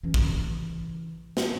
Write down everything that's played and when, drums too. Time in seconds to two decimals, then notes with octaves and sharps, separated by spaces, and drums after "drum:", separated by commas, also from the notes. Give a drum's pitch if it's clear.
0.03 E3 C#4
0.14 drum: kick
1.37 drum: snare